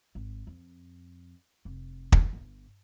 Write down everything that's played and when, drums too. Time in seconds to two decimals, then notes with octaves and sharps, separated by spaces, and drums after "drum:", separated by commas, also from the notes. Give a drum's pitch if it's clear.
0.15 G#1
0.47 F2
1.65 F1
2.12 drum: kick
2.33 G1